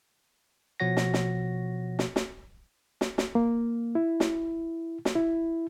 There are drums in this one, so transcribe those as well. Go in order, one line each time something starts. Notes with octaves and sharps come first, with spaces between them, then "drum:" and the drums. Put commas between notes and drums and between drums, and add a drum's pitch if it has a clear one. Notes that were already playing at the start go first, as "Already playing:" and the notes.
B2 F3 F#4 C#5 F#5 A#6
drum: snare
drum: snare
drum: snare
drum: snare
drum: snare
drum: snare
A#3
E4
drum: snare
drum: snare
E4